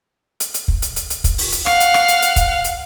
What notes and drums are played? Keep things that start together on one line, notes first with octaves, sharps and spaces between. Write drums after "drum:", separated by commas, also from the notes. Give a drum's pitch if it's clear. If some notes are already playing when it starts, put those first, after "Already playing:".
drum: hi-hat
drum: hi-hat
drum: kick
drum: hi-hat
drum: hi-hat
drum: hi-hat
drum: kick, hi-hat
drum: open hi-hat
drum: hi-hat
F5 F#5, drum: rim click
drum: hi-hat
drum: rim click
drum: hi-hat
drum: hi-hat
drum: kick, hi-hat
drum: hi-hat